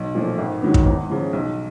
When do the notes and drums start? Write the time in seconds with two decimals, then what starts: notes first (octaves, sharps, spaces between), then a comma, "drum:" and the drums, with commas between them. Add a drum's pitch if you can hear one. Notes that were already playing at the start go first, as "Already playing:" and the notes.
Already playing: B1
0.15 A#2 F3 A3
0.38 G#1
0.62 G#2 D#3 F#3 B3
0.74 drum: kick
0.86 E2
1.10 C#3 F3
1.33 B1